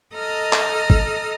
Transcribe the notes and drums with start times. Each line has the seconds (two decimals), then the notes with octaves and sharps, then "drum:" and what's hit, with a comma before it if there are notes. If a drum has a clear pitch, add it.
0.16 A4 D#5 A#5 D#6 F6
0.53 drum: clap
0.90 drum: kick G1